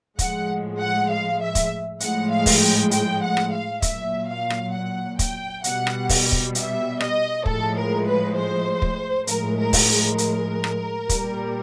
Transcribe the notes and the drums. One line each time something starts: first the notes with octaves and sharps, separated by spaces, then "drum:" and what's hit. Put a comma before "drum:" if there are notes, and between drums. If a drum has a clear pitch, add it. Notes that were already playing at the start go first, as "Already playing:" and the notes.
A2 F3 G#3 F#5, drum: kick, hi-hat
F#5
F5
E5
drum: kick, hi-hat
A2 F3 G#3 F#5, drum: hi-hat
F5
drum: kick, open hi-hat
G5
G5, drum: hi-hat
F#5
drum: rim click
F5
A#2 F#3 E5, drum: kick, hi-hat
F5
drum: rim click
F#5
G5, drum: kick, hi-hat
B2 G3 F#5, drum: hi-hat
drum: rim click
drum: kick, open hi-hat
drum: kick
E5, drum: hi-hat
D#5, drum: rim click
A2 F3 G#3 A4, drum: kick
A#4
B4
C5
drum: kick
A2 F3 G#3 A#4, drum: hi-hat
A#4
drum: kick, open hi-hat
A#4
drum: hi-hat
drum: rim click
A#2 G3, drum: kick, hi-hat